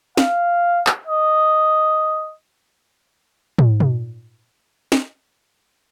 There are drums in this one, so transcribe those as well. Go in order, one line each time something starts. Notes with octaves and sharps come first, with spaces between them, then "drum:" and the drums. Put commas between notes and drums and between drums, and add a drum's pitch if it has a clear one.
F5, drum: snare
drum: clap
D#5
drum: tom
drum: tom
drum: snare